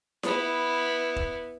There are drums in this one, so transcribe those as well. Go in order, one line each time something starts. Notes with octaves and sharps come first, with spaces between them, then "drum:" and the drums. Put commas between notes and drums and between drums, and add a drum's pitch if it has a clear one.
B3 E4, drum: snare E4
drum: kick